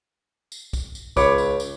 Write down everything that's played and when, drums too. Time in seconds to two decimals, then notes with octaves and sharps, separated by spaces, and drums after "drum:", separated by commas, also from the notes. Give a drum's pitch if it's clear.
0.52 drum: tambourine
0.73 drum: kick, tambourine
0.95 drum: tambourine
1.17 C#2 C#5 B5 D6, drum: kick, tambourine
1.38 drum: tambourine
1.60 drum: tambourine